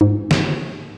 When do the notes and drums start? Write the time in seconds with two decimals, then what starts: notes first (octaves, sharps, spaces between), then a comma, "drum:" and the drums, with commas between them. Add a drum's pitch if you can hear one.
0.01 G#2
0.31 drum: snare